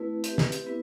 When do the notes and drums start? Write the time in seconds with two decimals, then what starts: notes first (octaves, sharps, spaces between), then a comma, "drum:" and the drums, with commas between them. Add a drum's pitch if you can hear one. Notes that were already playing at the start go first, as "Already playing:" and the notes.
Already playing: A3 C4 E4 B4
0.24 C4 G4 B4 E5, drum: hi-hat
0.38 drum: snare
0.52 drum: hi-hat
0.66 B3 E4 B4